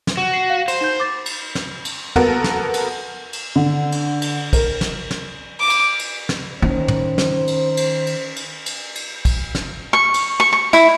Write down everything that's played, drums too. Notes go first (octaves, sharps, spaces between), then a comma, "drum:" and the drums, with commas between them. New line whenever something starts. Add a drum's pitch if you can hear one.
drum: snare
F#4
C7
F5
C5, drum: cymbal
D#4 G6
D6 A6
drum: cymbal
drum: snare
drum: cymbal
A#3 B3 F#4 A4 A#4, drum: tom
drum: snare
drum: cymbal
drum: cymbal
D3
drum: cymbal
drum: cymbal
A#4, drum: kick, cymbal
drum: snare
drum: snare
D6
drum: cymbal
drum: cymbal
drum: snare
D#3 C#4 C5
drum: tom
drum: snare
drum: cymbal
drum: cymbal
drum: cymbal
drum: cymbal
drum: cymbal
drum: cymbal
drum: kick, cymbal
drum: snare
C#6
drum: cymbal
C#6
C#6
E4, drum: cymbal